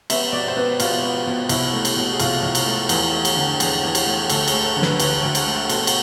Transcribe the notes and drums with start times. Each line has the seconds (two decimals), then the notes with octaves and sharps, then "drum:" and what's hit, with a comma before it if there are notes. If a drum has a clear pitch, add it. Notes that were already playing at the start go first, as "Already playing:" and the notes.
0.10 B3 E5, drum: cymbal
0.32 B2 D5
0.48 C5
0.56 B3 B4
0.80 B2 F4, drum: cymbal
1.02 B3
1.27 B2
1.49 C2 E4, drum: cymbal
1.73 A3
1.85 drum: cymbal
1.97 B2
2.13 G#4
2.20 C2 F4, drum: cymbal
2.43 C2
2.55 drum: cymbal
2.66 A3
2.89 E2, drum: cymbal
3.13 A3
3.25 drum: cymbal
3.36 D3
3.60 E2 G#4, drum: cymbal
3.83 E2
3.95 drum: cymbal
4.06 A3
4.30 D2 A4, drum: cymbal
4.48 G#4, drum: cymbal
4.53 A3
4.65 A4
4.76 D3
4.82 B4, drum: snare
5.00 D2 B4, drum: cymbal
5.23 D2
5.35 drum: cymbal
5.46 A3
5.69 B2 A4, drum: cymbal
5.87 drum: cymbal